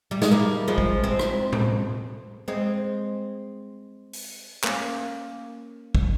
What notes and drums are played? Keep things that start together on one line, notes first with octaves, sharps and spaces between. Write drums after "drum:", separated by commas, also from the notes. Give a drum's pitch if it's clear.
G3
G#3, drum: snare
G3 A#3
F3 G#3
drum: kick
G#3 C4
drum: rim click
drum: tom A2
G#3 C4
drum: open hi-hat
A#3 C#4, drum: clap
drum: kick